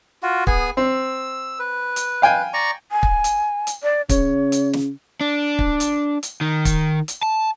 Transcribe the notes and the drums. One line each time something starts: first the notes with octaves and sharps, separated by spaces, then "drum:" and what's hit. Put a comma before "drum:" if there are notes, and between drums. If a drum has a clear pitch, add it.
F4 F#4
B3 G#4 G#5, drum: kick
C4 E6
B4
drum: hi-hat
F5 G5 G#5
D5 A#5 C#6
G#5
drum: kick
drum: hi-hat
drum: hi-hat
D5
C#3 C#5, drum: kick, hi-hat
drum: hi-hat
drum: snare
D4
drum: kick
drum: hi-hat
drum: hi-hat
D#3
drum: kick, hi-hat
drum: hi-hat
A5